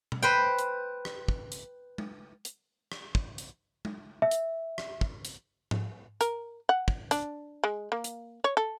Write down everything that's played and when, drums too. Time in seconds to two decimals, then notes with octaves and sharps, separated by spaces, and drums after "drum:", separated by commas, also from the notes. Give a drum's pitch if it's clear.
0.12 drum: tom B2
0.22 B4 C5 G5
0.59 drum: hi-hat
1.05 drum: rim click
1.28 drum: kick
1.52 drum: hi-hat
1.98 drum: tom G#3
2.45 drum: hi-hat
2.92 drum: rim click
3.15 drum: kick
3.38 drum: hi-hat
3.85 drum: tom G#3
4.22 E5
4.31 drum: hi-hat
4.78 drum: rim click
5.01 drum: kick
5.25 drum: hi-hat
5.71 drum: tom G#2
6.21 A#4, drum: hi-hat
6.69 F#5
6.88 drum: kick
7.11 D4, drum: hi-hat
7.64 G#3
7.92 A#3
8.04 drum: hi-hat
8.44 C#5
8.57 A4